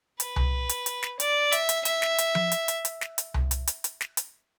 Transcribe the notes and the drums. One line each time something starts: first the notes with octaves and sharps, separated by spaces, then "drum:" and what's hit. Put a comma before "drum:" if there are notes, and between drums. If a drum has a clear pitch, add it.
B4, drum: hi-hat
drum: tom C2
drum: hi-hat
drum: hi-hat
drum: snare
D5, drum: hi-hat
E5, drum: hi-hat
drum: hi-hat
E5, drum: hi-hat
drum: snare
drum: hi-hat
drum: tom F3
drum: hi-hat
drum: hi-hat
drum: hi-hat
drum: snare
drum: hi-hat
drum: tom C2
drum: hi-hat
drum: hi-hat
drum: hi-hat
drum: snare
drum: hi-hat